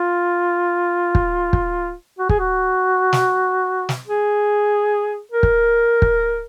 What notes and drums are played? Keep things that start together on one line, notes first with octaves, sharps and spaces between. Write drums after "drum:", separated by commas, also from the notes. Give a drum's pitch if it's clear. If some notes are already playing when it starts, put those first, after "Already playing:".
Already playing: F4
drum: kick
drum: kick
F#4
G#4, drum: kick
F#4
drum: snare
drum: snare
G#4
A#4
drum: kick
drum: kick